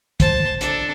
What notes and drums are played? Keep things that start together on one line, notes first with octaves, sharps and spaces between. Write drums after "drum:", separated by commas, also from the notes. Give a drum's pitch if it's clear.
C5 A5, drum: kick, hi-hat
D4 A4, drum: hi-hat